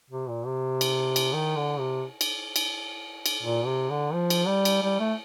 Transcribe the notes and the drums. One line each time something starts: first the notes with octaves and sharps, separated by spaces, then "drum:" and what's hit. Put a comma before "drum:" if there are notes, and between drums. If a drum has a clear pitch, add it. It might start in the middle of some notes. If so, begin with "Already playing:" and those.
C3
A#2
C3
drum: cymbal
drum: cymbal
D#3
D3
C3
drum: cymbal
drum: cymbal
drum: cymbal
A#2
C3
D3
F3
drum: cymbal
G3
drum: cymbal
G3
A3